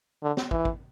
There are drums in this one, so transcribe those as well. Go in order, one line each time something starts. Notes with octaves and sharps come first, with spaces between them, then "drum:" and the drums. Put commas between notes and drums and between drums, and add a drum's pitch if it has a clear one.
D3
drum: snare
E3, drum: kick
drum: kick